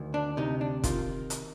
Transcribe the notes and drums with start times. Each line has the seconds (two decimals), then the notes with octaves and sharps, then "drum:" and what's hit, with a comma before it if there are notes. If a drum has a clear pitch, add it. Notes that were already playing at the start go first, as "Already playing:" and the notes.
Already playing: D2 D#3
0.14 D4
0.37 C3 D#4
0.61 D4
0.84 D#3 F4, drum: kick, hi-hat
1.30 drum: hi-hat